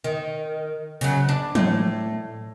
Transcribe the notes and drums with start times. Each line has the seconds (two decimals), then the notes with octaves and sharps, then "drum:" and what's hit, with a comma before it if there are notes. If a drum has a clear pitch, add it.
0.04 D#3
1.01 C#3 F#3, drum: open hi-hat
1.29 D4
1.55 A2, drum: tom